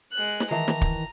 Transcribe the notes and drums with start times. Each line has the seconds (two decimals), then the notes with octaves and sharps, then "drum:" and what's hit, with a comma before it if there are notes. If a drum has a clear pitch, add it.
0.13 G#3 F#6
0.40 drum: snare
0.51 D#3 E3 A5 A#5
0.68 drum: snare
0.81 drum: kick